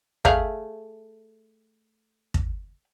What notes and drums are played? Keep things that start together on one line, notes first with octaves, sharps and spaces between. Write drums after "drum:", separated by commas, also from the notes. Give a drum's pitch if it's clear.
A3 G#4 F5, drum: kick
drum: kick